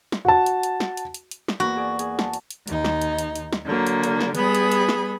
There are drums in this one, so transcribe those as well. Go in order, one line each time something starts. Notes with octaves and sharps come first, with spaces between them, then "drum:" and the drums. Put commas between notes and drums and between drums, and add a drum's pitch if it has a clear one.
drum: snare
F#4 A5
drum: hi-hat
drum: hi-hat
drum: snare
drum: hi-hat
drum: hi-hat
drum: hi-hat
drum: snare
E2 A#3 F#4 B5
G#4 D5
G#4, drum: hi-hat
A5, drum: snare
drum: hi-hat
drum: hi-hat
D#2 D#4, drum: hi-hat
drum: snare
drum: hi-hat
drum: hi-hat
drum: hi-hat
drum: snare
D3 F#3 A#3
drum: hi-hat
drum: hi-hat
drum: snare
G3 B3 G#4 B5, drum: hi-hat
drum: hi-hat
drum: hi-hat
drum: snare